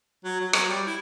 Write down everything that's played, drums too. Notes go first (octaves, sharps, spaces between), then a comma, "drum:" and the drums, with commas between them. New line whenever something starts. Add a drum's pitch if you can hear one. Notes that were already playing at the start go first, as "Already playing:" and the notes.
F#3
F#3
F#3, drum: rim click
G3
E4